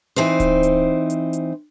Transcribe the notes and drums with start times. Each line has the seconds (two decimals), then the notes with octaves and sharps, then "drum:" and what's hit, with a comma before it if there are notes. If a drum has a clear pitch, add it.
0.16 E3 C4 D#4 C5
0.40 drum: kick D1, hi-hat
0.63 drum: hi-hat
1.10 drum: hi-hat
1.33 drum: hi-hat